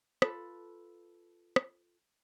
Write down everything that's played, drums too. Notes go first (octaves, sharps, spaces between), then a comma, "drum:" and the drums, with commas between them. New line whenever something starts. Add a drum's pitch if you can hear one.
F4 A4 B4, drum: rim click
drum: rim click